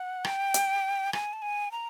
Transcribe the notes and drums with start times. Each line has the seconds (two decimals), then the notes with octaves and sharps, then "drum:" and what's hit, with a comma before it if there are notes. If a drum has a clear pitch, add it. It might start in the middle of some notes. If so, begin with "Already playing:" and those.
Already playing: F#5
0.25 G5, drum: rim click
0.54 drum: hi-hat
1.13 G#5, drum: rim click
1.33 A5
1.42 G#5
1.72 A#5